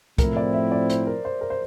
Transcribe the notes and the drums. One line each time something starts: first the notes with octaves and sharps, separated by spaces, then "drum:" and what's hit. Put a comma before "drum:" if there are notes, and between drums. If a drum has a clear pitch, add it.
A2 F3 C4 E4 A#4, drum: kick, hi-hat
D5
E5
D5
C5, drum: hi-hat
A#4
C5
A#4
C5